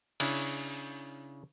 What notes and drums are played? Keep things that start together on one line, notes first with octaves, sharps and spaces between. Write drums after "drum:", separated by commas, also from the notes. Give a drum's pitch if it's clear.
C#3 C#4 D4 E4, drum: cymbal